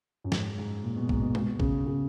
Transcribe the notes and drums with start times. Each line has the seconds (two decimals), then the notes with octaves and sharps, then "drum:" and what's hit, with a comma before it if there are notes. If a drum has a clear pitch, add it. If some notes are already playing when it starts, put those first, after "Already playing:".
0.24 F#2
0.32 G#2, drum: snare
0.58 G#2
0.84 A#2
0.96 B2
1.09 G#2, drum: kick
1.21 B2
1.35 B2, drum: tom G#3
1.60 C#3, drum: kick
1.86 C#3